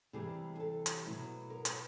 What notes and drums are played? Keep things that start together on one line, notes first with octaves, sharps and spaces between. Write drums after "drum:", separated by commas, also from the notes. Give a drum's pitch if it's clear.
C3 E3 G3 G#4
G#4
A4
drum: hi-hat
B2 F#3 B3 E4
A#4
B4, drum: hi-hat